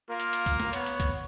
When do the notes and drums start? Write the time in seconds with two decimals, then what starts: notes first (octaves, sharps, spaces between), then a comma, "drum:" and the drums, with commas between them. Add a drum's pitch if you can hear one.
0.10 A#3 F4 A#4
0.20 drum: hi-hat
0.33 drum: hi-hat
0.46 drum: kick C2, hi-hat
0.60 drum: snare
0.73 B3 C#5, drum: hi-hat
0.86 drum: hi-hat
1.00 drum: kick C2, hi-hat